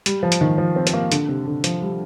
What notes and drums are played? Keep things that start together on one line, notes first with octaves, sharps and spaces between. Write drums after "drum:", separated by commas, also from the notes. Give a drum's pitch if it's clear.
G3, drum: hi-hat
F3
drum: hi-hat
D#3
F3
C4
C4, drum: hi-hat
A#3
D3, drum: hi-hat
C3
D3
F3, drum: hi-hat
G3